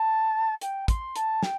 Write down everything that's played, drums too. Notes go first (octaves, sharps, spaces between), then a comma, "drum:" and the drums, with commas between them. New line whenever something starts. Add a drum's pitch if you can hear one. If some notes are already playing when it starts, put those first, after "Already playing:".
Already playing: A5
G5, drum: hi-hat
C6, drum: kick, hi-hat
A5, drum: hi-hat
G5, drum: snare